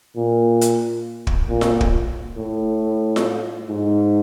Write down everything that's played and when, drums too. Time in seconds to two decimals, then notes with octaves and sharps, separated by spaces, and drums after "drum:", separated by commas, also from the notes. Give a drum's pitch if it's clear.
0.16 A#2
0.61 drum: hi-hat
1.27 drum: kick
1.49 A#2
1.61 drum: snare F4
1.81 drum: kick
2.37 A2
3.16 drum: snare F4
3.69 G#2